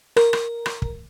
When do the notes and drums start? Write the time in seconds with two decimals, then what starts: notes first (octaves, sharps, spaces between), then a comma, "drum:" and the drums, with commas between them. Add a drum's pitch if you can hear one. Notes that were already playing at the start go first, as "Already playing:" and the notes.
0.17 A#4, drum: rim click
0.33 drum: rim click
0.66 drum: rim click
0.82 drum: kick